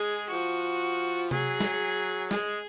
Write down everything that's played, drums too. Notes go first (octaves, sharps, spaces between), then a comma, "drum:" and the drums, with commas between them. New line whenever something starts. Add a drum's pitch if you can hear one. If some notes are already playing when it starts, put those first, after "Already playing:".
Already playing: G#3 G#4
F3 F#4
F#3 G#4, drum: tom C3
drum: snare
G#3 G#4, drum: snare